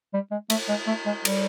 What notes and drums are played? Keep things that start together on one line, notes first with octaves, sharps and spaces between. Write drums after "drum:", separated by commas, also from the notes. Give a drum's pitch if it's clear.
G3
G#3
A3, drum: cymbal
G#3
A3
G#3
G3, drum: cymbal